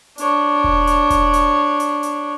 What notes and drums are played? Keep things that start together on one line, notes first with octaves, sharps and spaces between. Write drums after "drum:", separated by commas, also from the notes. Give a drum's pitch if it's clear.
D4 C#5, drum: hi-hat
drum: kick E1
drum: hi-hat
drum: kick E1, hi-hat
drum: hi-hat
drum: hi-hat
drum: hi-hat